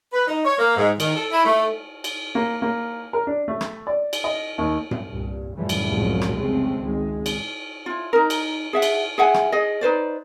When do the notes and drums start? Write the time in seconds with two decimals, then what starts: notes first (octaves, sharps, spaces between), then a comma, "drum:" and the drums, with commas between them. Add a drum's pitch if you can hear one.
0.13 B4
0.27 D#4
0.45 C#5
0.58 A#3
0.76 G#2
1.00 D#3, drum: cymbal
1.16 A4
1.31 E4
1.45 A3
2.04 drum: cymbal
2.35 A#3
2.62 A#3
3.13 A#4
3.27 D4
3.48 A3
3.61 drum: rim click
3.87 D5
4.13 drum: cymbal
4.24 D#5
4.58 D#2
4.91 drum: tom G2
5.10 C2 G2 A#2
5.55 F#2 A2 C#3 E3 F3 G3
5.69 drum: cymbal
5.87 C2 F#2 A2 F3 F#3 G#3
6.21 drum: rim click
6.35 F1 C2 C#3 G#3 A3 C4
6.80 G#1 C#2 G#3
7.26 drum: cymbal
7.86 E4 F4
8.13 D#4 A#4
8.30 drum: cymbal
8.73 G#4 E5 F#5
8.82 drum: cymbal
9.18 G#4 E5 F#5 G#5
9.34 drum: rim click
9.52 G#4 D#5
9.81 D#4 B4 C5 D5